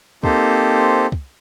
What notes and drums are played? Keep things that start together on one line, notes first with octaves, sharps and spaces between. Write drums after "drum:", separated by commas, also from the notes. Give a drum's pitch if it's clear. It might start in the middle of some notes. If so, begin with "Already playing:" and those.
A#3 C4 D#4 G4 A4 C5, drum: kick
drum: kick